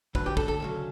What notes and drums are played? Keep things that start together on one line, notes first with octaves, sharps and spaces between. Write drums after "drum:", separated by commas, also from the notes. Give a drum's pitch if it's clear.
D2 D3 F#3 B4, drum: kick
G4
A4, drum: kick
A4
D2 C#3 F#3